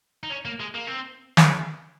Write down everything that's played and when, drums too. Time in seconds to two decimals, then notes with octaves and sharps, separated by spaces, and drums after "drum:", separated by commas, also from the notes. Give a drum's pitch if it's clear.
0.23 D#4
0.30 C#4
0.45 A#3
0.60 G#3
0.74 A#3
0.87 C4
1.37 drum: snare